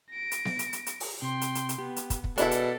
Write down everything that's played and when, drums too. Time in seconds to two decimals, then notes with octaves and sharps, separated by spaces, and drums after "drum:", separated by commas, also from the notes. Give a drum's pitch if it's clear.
0.11 A#6 D7
0.32 drum: hi-hat
0.45 drum: snare B3
0.59 drum: hi-hat
0.73 drum: hi-hat
0.86 drum: hi-hat
1.00 drum: open hi-hat
1.22 C3 G5 C6
1.41 drum: hi-hat
1.55 drum: hi-hat
1.69 drum: hi-hat
1.78 B3 G4
1.96 drum: hi-hat
2.10 drum: kick, hi-hat
2.24 drum: kick
2.38 B2 D4 E4 G#4 A4 D5 E5, drum: hi-hat
2.51 drum: hi-hat